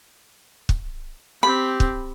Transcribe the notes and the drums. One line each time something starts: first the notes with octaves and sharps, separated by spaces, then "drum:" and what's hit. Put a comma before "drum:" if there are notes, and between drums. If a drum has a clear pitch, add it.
drum: kick
C4 G4 B5
drum: kick